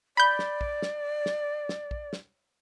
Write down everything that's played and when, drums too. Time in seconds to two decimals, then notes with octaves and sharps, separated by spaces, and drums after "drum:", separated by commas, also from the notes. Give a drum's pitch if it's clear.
0.17 D5 B5 G6
0.39 drum: snare
0.61 drum: kick
0.82 drum: snare
1.26 drum: snare
1.69 drum: snare
1.91 drum: kick
2.13 drum: snare